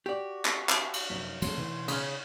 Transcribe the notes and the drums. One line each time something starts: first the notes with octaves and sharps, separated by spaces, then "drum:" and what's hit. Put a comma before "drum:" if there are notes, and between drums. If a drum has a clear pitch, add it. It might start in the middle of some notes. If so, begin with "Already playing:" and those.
F#4 G4 D5
drum: clap
drum: clap
drum: cymbal
F1 F#2 B6
F3 G3 A3 A#3 C#4 C6, drum: cymbal
B2 E3
C#3 C#4 D#6 F6, drum: cymbal